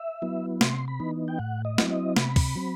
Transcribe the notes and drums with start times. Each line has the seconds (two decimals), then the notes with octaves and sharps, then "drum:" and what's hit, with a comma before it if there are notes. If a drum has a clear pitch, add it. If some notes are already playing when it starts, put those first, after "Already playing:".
Already playing: E5
0.22 F#3 B3 E4
0.61 C3 C6, drum: snare
0.88 B5
1.00 E3 B3 D#4
1.28 G5
1.39 A2 F#5
1.65 D#5
1.78 F#3 C4 E4, drum: snare
1.90 D#5
2.16 C3 B5, drum: snare
2.36 drum: kick, open hi-hat
2.55 F#3 C4